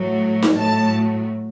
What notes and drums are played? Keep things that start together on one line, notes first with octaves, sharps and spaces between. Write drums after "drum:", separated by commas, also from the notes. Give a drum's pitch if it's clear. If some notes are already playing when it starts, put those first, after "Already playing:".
Already playing: A2 F#3 A3
drum: snare D#4
A2 F#3 A3 A5